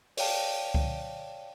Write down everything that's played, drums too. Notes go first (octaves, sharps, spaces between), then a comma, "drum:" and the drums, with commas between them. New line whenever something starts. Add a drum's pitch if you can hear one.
C#5 D5 F5 G5 A5, drum: open hi-hat
drum: kick C#2